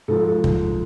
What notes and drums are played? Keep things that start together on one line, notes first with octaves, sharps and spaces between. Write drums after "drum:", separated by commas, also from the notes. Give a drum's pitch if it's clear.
G#2 F3 A4
drum: kick